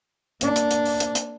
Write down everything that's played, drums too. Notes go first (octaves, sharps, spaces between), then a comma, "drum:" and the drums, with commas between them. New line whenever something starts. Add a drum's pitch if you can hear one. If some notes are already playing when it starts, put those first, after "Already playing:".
A#3 D4, drum: hi-hat
drum: hi-hat
drum: hi-hat
drum: open hi-hat
drum: hi-hat
drum: hi-hat